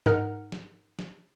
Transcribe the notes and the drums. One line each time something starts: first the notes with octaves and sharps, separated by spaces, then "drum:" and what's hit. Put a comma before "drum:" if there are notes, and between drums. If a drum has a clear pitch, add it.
G#2 D#4 A#4 F#5 F6, drum: snare
drum: snare
drum: snare